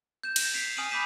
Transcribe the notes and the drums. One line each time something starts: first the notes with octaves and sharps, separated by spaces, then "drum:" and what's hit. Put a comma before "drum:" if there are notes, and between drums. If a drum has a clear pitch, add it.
G6 E7
A#6, drum: cymbal
B6 C7 D7 F7
G#5 D#6 F6 D7 D#7 F#7
G#5 B5 D6 G6 B6 E7